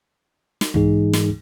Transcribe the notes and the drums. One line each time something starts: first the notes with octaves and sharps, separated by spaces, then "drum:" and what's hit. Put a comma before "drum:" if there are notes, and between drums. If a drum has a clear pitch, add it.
drum: snare
G#2 E3 G#3 D#4 G#4, drum: kick
drum: snare